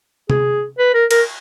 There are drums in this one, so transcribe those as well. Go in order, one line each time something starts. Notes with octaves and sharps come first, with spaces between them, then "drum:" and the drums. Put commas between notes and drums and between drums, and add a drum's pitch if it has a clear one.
G#4, drum: tom
B4
A#4
A#4, drum: cymbal